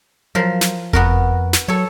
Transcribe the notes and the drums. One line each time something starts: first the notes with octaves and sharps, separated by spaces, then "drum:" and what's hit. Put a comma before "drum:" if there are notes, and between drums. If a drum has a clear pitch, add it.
F3 F#3 A#4 C5
drum: snare
F2 B3 F#4 A#4, drum: kick F#1
drum: snare
F#3 A4 C#5